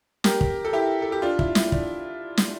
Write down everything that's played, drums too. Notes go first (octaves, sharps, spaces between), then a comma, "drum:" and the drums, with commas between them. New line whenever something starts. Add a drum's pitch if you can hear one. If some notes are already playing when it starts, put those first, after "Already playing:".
G4 A#4, drum: snare
drum: kick
A4
E4 G4
A4
G4
D4 F4
E4, drum: kick
E4, drum: snare
D4, drum: kick
drum: snare